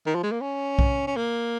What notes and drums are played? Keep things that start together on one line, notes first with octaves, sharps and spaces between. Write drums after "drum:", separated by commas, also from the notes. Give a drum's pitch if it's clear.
D#3
F3
G#3
A#3
C#4
drum: kick B1
C#4
A#3